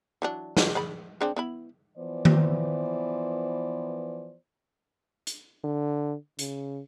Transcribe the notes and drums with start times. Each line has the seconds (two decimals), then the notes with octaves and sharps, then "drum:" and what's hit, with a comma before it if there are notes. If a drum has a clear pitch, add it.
0.22 E3 F#3 D4
0.57 F4 F#4 B4, drum: snare
0.75 G#4 D5 B5
1.21 C4 D4 G#4
1.36 B3 E4 B5
1.98 E3 F3 B3 C5 D5
2.25 drum: tom D#3
5.27 drum: hi-hat
5.64 D3
6.39 C#3, drum: hi-hat